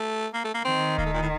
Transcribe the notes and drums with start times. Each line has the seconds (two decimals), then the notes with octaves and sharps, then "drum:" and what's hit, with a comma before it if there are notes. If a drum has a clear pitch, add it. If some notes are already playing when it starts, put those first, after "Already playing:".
Already playing: A3
0.34 A#3
0.44 A3
0.54 A#3
0.65 D#3 C4
0.98 A#3, drum: kick D#1
1.06 A3
1.14 A#2
1.22 A2